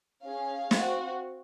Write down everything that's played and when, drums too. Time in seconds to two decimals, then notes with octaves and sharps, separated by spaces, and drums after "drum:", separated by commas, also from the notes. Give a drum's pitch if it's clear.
0.24 C#4 G#4 F5
0.71 C4 F#4, drum: snare